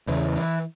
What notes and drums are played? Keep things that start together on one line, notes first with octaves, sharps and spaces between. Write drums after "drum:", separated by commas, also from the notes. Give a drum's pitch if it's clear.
E2 C#3 E3, drum: open hi-hat
drum: open hi-hat